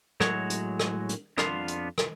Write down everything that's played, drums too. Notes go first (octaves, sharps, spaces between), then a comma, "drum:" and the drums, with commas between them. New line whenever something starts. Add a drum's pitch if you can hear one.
A2 F#3 G#3 F#4 C#5, drum: rim click
drum: hi-hat
drum: rim click
drum: hi-hat
F2 B3 D4 F4 F5 C6, drum: rim click
drum: hi-hat
drum: rim click